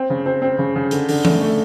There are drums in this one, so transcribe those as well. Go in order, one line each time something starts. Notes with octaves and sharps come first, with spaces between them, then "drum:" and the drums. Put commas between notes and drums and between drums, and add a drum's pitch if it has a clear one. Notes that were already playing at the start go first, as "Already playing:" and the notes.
Already playing: C4
C#3
C4
C4
C#3
C#3
D3, drum: hi-hat
D3, drum: open hi-hat
A3, drum: tom E3
A3